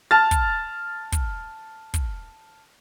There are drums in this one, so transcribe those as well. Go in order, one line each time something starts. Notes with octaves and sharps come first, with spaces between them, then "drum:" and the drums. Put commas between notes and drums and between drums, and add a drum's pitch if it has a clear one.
A5 F6 A6
drum: kick, hi-hat
drum: kick, hi-hat
drum: kick, hi-hat